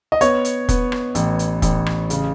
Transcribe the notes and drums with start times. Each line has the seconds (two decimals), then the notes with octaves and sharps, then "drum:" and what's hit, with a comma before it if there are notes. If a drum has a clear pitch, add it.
0.12 D#5
0.21 B3 C#5, drum: hi-hat
0.45 drum: hi-hat
0.69 B3, drum: kick, hi-hat
0.92 drum: rim click
1.15 A1, drum: hi-hat
1.39 drum: hi-hat
1.62 A1, drum: kick, hi-hat
1.86 drum: rim click
2.10 C#3, drum: hi-hat